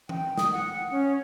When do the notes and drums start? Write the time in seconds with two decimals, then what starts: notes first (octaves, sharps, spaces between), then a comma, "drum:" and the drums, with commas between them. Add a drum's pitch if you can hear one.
0.09 G5, drum: tom E3
0.38 D#6, drum: snare
0.52 F#5
0.91 C#4